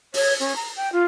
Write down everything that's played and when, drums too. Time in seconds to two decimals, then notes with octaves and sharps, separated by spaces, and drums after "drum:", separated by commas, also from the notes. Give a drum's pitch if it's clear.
0.14 C#5, drum: open hi-hat
0.39 C#4
0.55 A#5
0.76 G5
0.92 F4